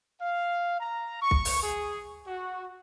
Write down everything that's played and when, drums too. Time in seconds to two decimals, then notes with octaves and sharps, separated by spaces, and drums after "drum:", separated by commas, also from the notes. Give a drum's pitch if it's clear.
0.20 F5
0.79 A#5
1.21 C#6
1.31 drum: kick
1.45 drum: open hi-hat
1.62 G#4
2.27 F#4